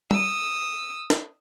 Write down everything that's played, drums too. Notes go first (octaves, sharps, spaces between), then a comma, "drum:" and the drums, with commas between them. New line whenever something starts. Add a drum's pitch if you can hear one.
D#6 E6, drum: tom
drum: snare